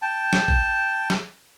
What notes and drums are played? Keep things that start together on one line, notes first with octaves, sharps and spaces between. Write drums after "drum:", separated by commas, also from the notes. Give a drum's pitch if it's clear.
G5 A5
drum: snare
drum: kick
drum: snare